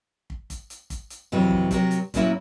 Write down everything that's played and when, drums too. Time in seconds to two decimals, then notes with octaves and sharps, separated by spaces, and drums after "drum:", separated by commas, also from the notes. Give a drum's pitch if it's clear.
0.30 drum: kick
0.50 drum: kick, hi-hat
0.70 drum: hi-hat
0.90 drum: kick, hi-hat
1.10 drum: hi-hat
1.32 F2 C3 E3 F#3
1.51 drum: kick
1.71 C3 F#3 A#4, drum: kick, hi-hat
1.91 drum: hi-hat
2.14 A#2 F#3 A#3 C#4 E4 F#4, drum: kick, hi-hat